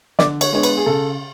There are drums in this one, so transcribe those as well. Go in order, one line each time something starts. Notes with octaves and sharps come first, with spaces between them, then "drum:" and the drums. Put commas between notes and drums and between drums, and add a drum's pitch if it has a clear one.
D3 D5, drum: snare
C#5, drum: cymbal
G#3 B3 D4 C#5
B4, drum: cymbal
G#4
C#3 A4